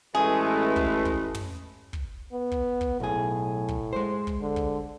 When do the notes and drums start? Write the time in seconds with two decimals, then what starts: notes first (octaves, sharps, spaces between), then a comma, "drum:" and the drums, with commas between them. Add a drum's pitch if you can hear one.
0.15 A1 G#3 A3 G#4 B4
0.76 drum: kick
1.05 drum: kick
1.35 drum: tom
1.93 drum: kick
2.32 B3
2.51 drum: kick
2.81 drum: kick
3.00 B1 A2 G#4
3.68 drum: kick
3.93 G#3 C5
4.27 drum: kick
4.42 D3
4.56 drum: kick